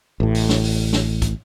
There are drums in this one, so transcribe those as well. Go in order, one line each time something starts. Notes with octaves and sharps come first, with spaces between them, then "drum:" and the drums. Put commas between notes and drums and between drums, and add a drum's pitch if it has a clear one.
A1 A2
drum: open hi-hat
drum: snare
drum: open hi-hat
drum: snare
drum: kick, hi-hat